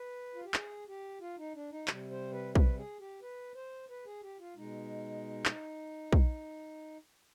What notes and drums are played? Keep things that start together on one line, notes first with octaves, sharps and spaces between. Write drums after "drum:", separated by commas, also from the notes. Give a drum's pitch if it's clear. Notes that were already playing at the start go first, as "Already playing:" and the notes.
Already playing: B4
F4
G4
G#4, drum: clap
G4
F4
D#4
D4
D#4
C3 G3, drum: clap
C5
B4
B4, drum: kick
G#4
G4
B4
C5
B4
G#4
G4
F4
B2 G#3 D#4
drum: clap
drum: kick